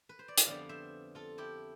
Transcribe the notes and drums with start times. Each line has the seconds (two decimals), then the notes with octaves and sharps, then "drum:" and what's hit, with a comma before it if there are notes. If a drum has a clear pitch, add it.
0.09 B4
0.19 C5
0.28 D5
0.38 E5, drum: hi-hat
0.46 F2 D3 G3 B3 D5 F5
0.69 C5 E5
1.15 F4 A4
1.38 E4 G4